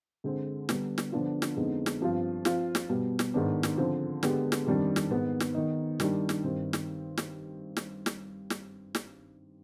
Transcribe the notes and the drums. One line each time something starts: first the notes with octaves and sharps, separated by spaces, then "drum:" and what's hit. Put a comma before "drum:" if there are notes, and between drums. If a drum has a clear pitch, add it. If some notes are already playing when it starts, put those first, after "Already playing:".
D3 G#3 C4
D3 G3 B3 D4, drum: snare
drum: snare
D3 F3 B3 D4 F4
drum: snare
F2 D3 G#3 B3 D#4
drum: snare
G2 F3 C4 F4
F3 C4 F4, drum: snare
drum: snare
B2 G3 B3
drum: snare
G#2 D#3 B3 D4
drum: snare
D3 F3 C4
D3 G#3 B3 D4 G4, drum: snare
drum: snare
F2 D#3 G3 D4
drum: snare
G#2 D#3 B3
drum: snare
D#3 B3 D#4
D#3 G3 D4, drum: snare
drum: snare
G2 D#3 G3 C4
drum: snare
drum: snare
drum: snare
drum: snare
drum: snare
drum: snare